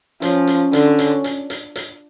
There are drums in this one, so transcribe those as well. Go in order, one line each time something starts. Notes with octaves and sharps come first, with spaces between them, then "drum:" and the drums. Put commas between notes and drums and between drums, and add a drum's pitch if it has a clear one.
F3 C#4, drum: hi-hat
drum: hi-hat
D3, drum: hi-hat
drum: hi-hat
drum: hi-hat
drum: hi-hat
drum: hi-hat